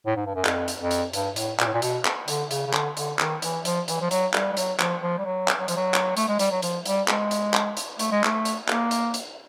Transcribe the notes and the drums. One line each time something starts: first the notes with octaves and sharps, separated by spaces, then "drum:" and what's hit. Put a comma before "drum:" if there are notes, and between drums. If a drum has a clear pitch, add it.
A2
G#2
G2
F#2
F2, drum: clap
drum: hi-hat
F2
drum: hi-hat
G2, drum: hi-hat
A2, drum: hi-hat
A#2, drum: clap
A2
A#2
B2, drum: hi-hat
drum: clap
D3, drum: hi-hat
C#3, drum: hi-hat
C#3
D3, drum: clap
D3, drum: hi-hat
D#3, drum: clap
E3, drum: hi-hat
F3, drum: hi-hat
E3, drum: hi-hat
F3
F#3, drum: hi-hat
G3, drum: clap
G3
F#3, drum: hi-hat
F3, drum: clap
F3
G3
F#3
drum: clap
F#3
F3, drum: hi-hat
F#3
drum: clap
A3, drum: hi-hat
G#3
G3, drum: hi-hat
F#3
F3, drum: hi-hat
G3, drum: hi-hat
G#3, drum: clap
drum: hi-hat
drum: clap
drum: hi-hat
A3, drum: hi-hat
G#3
A3, drum: clap
drum: hi-hat
A#3, drum: clap
drum: hi-hat
drum: hi-hat